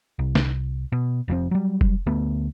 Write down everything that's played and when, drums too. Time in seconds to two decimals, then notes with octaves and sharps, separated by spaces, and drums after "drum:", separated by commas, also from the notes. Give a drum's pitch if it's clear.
0.19 C2
0.35 drum: snare
0.92 B2
1.28 F1 F2 A2 C4
1.51 F#3 G3
1.81 drum: kick F1
2.06 D2 A3 B3